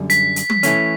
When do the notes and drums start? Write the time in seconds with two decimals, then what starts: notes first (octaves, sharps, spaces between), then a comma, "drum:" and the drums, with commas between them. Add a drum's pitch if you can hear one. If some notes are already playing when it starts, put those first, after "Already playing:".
Already playing: F#2 D3 G3
0.10 B6, drum: hi-hat
0.36 drum: hi-hat
0.50 drum: tom
0.63 E3 A3 C#4, drum: hi-hat